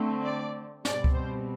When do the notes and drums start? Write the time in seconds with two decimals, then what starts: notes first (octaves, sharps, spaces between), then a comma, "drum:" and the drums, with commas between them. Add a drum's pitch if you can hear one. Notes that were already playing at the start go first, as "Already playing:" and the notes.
Already playing: D3 A3 C4
0.23 D5
0.85 B2 G3 C4 D5, drum: snare
1.04 drum: kick C#2
1.14 C5